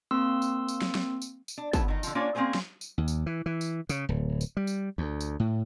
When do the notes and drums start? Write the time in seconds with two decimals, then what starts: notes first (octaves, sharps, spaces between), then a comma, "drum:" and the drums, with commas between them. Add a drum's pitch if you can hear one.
0.11 A#3 C4 C6 E6
0.42 drum: tambourine
0.68 drum: tambourine
0.82 drum: snare
0.95 drum: snare
1.22 drum: tambourine
1.48 drum: tambourine
1.58 D4
1.73 A3 B3 C#5 A5, drum: kick, tambourine
1.88 D#3 D#4
2.03 D3 F3, drum: tambourine
2.15 A#3 C#4 D4 F4 C#5 D5
2.35 A#3 C4 C#4 G#4 C5
2.55 drum: snare
2.81 drum: tambourine
2.98 D#2
3.08 drum: tambourine
3.26 E3
3.46 E3
3.61 drum: tambourine
3.89 C#3, drum: tambourine
4.09 D1
4.41 drum: tambourine
4.57 G3
4.67 drum: tambourine
4.98 D2
5.20 drum: tambourine
5.40 A2